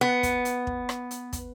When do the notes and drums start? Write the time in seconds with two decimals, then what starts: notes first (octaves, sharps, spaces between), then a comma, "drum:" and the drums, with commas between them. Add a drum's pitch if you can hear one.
0.01 B3
0.23 drum: kick, hi-hat
0.45 drum: hi-hat
0.67 drum: kick
0.89 drum: rim click
1.11 drum: hi-hat
1.33 drum: kick, hi-hat